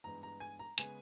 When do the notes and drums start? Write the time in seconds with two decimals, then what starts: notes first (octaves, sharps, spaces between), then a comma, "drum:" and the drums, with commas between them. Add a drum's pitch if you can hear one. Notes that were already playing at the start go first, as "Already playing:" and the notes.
0.04 G2 E3 G#3 B3 A#5
0.23 A#5
0.40 G#5
0.59 A#5
0.78 C#3 G#3 B3 G#5, drum: hi-hat